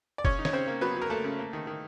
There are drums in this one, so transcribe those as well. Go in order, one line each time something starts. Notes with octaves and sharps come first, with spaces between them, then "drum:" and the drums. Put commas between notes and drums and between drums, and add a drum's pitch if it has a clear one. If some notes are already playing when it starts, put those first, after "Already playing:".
D5
C#3 C#4 C#5, drum: kick F1
D#4
C#5, drum: snare
C#3 C4 C5
A#3
F#3 B3 B4
F#3
A#4
A3 A#3 A4
C#3
A#3
D#3
D#3